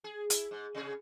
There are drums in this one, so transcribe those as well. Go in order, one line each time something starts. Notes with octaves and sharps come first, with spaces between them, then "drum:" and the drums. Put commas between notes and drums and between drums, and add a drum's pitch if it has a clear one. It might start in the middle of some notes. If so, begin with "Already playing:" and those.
G#4
E4, drum: hi-hat
G#2
C3 C#4 G#4